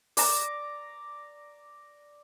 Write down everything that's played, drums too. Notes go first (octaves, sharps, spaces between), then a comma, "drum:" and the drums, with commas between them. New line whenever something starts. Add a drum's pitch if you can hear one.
D5 A#5, drum: open hi-hat